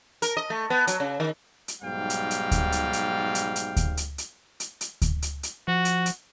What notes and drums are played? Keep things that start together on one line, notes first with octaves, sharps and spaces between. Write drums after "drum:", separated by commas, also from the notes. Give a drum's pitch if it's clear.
A#4, drum: hi-hat
D#5
A3
B3
F#3, drum: hi-hat
C#3
D#3
drum: hi-hat
B1 G#2 G3 F5 G5
drum: hi-hat
drum: hi-hat
drum: kick D2, hi-hat
drum: hi-hat
drum: hi-hat
drum: hi-hat
drum: hi-hat
drum: kick D2, hi-hat
drum: hi-hat
drum: hi-hat
drum: hi-hat
drum: hi-hat
drum: kick D2, hi-hat
drum: hi-hat
drum: hi-hat
F3 F#4
drum: hi-hat
drum: hi-hat